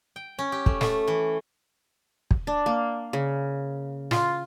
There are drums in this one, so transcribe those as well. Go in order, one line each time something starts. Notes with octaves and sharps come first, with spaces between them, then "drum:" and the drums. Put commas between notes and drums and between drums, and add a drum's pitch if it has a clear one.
G5
C#4
G4
A3, drum: kick
A3, drum: snare
E3
drum: kick
D4
A#3
C#3
F4, drum: snare